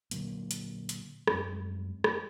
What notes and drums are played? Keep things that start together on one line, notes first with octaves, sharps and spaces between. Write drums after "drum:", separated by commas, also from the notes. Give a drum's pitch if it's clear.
A#2 D3 F#3 A#3, drum: hi-hat
drum: hi-hat
drum: hi-hat
F#2 G3 G#3 C4, drum: rim click
drum: rim click